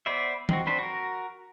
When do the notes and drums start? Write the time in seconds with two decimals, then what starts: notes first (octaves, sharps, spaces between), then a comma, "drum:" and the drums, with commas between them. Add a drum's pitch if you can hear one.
0.06 B3 B4 C5 D5 E5
0.49 D#3 C4 F#4, drum: tom
0.67 C4 D4 B4 C5
0.79 F#4 A#4